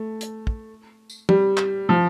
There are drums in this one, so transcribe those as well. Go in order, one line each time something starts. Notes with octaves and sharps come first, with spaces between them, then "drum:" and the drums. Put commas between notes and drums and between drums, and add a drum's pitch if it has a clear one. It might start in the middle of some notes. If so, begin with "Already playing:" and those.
Already playing: A3
drum: hi-hat
drum: kick
drum: tambourine
G3, drum: tom
drum: clap
F3